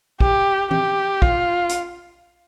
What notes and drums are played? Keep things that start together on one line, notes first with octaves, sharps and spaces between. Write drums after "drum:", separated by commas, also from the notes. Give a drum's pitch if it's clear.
G4, drum: kick
G4, drum: tom E3
F4, drum: kick
drum: hi-hat